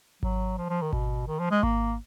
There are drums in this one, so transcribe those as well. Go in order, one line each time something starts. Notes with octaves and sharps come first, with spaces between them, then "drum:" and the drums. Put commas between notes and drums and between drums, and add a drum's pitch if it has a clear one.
F#3, drum: kick G#1
F3
F3
D#3
B2, drum: kick G#1
D#3
F3
G#3
A#3, drum: kick G#1